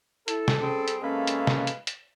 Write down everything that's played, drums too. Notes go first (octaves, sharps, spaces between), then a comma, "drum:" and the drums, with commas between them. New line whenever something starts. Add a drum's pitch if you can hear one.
E4 A4, drum: hi-hat
drum: snare
G3 C4 C#4 G#4
drum: hi-hat
C3 G#3 A#3 C#4 A4 B4 F5
drum: hi-hat
drum: snare
drum: hi-hat
drum: hi-hat